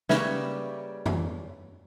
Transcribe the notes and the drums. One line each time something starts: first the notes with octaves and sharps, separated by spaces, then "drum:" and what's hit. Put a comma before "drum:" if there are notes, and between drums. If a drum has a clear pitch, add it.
C#3 G3 A#3 C#4 B4 E5, drum: snare
drum: tom F2